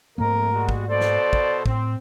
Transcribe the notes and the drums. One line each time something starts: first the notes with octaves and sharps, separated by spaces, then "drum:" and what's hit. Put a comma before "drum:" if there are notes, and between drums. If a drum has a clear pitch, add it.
F2 G#2 A3 A#3 A#4
G3 G#3 F#4
drum: kick
B2 A4 C5 D5
drum: snare
drum: kick
A2 C4, drum: kick